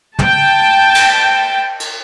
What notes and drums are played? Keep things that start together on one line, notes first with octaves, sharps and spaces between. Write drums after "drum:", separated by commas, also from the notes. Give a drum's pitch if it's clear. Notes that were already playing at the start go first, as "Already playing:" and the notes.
G5 A5, drum: tom
drum: cymbal
drum: cymbal